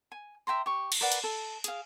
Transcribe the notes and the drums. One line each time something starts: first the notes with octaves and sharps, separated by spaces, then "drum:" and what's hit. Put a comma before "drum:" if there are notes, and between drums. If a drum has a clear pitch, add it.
G#5
E5 G5 A#5 C6
G4 C#6
drum: cymbal
A#4 B4 D5 F#5
drum: hi-hat
A4
G#4 F5, drum: hi-hat